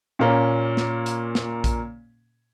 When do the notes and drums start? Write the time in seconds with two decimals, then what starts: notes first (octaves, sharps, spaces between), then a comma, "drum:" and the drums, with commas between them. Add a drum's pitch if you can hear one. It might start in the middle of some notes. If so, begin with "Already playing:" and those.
0.19 A#2 A#3 C#4
0.77 drum: snare
1.06 drum: hi-hat
1.35 drum: snare
1.64 drum: kick A#1, hi-hat